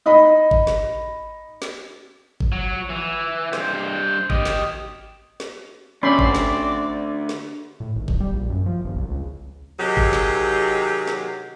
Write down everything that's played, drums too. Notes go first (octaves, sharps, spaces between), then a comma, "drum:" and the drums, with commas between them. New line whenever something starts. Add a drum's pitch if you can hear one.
D#4 D#5 B5
drum: kick G1
drum: snare
drum: snare
drum: kick G1
F#3
E3
G2 C5, drum: snare
G4 D#5, drum: kick G1
drum: snare
drum: snare
D2 C4 C#4 D5 B5 C6
drum: kick G1
drum: snare
drum: snare
A2
G#1
D1, drum: kick G1
G3
A#1
F#2
F3
G1
C2
C#2
C3 D#3 F#3 D#4 G4 G#4
drum: kick G1
drum: snare
drum: snare